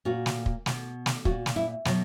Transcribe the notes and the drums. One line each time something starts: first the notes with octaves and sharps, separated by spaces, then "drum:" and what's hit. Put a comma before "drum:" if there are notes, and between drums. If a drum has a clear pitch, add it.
A#2 F#4
drum: snare
drum: kick
B2, drum: snare
drum: snare
A#2 F#4, drum: kick
drum: snare
E4
B2 F#3, drum: snare